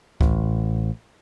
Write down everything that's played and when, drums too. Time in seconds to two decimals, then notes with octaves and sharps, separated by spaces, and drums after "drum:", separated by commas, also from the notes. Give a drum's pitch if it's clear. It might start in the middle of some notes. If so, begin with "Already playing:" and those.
0.21 A1, drum: kick C#2